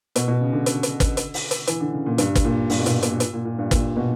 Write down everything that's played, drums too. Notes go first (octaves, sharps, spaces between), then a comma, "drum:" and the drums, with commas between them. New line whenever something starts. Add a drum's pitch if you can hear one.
B2, drum: hi-hat
B2
C#3
D3
drum: hi-hat
drum: hi-hat
drum: kick, hi-hat
drum: hi-hat
drum: open hi-hat
drum: hi-hat
E3, drum: hi-hat
D3
C#3
A#2
G2, drum: hi-hat
drum: kick, hi-hat
A#2
G2, drum: open hi-hat
B2
A#2, drum: hi-hat
A#2, drum: hi-hat
drum: hi-hat
A#2
A#2
G2
A#2, drum: kick, hi-hat
B2